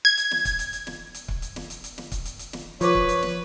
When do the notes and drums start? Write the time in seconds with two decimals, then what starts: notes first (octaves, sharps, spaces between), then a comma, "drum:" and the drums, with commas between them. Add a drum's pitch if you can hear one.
0.05 G#6
0.17 drum: hi-hat
0.31 drum: snare
0.45 drum: kick C#1, hi-hat
0.59 drum: hi-hat
0.73 drum: hi-hat
0.87 drum: snare
1.14 drum: hi-hat
1.28 drum: kick C#1
1.42 drum: hi-hat
1.56 drum: snare
1.70 drum: hi-hat
1.84 drum: hi-hat
1.98 drum: snare
2.12 drum: kick C#1, hi-hat
2.25 drum: hi-hat
2.39 drum: hi-hat
2.53 drum: snare
2.81 F3 F4 B4 C#5 C#6 D6, drum: hi-hat
2.95 drum: kick C#1
3.09 drum: hi-hat
3.23 drum: snare